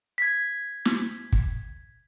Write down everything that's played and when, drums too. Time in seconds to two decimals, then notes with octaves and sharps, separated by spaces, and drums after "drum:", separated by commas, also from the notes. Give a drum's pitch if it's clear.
0.18 G#6 B6
0.85 drum: snare
1.33 drum: kick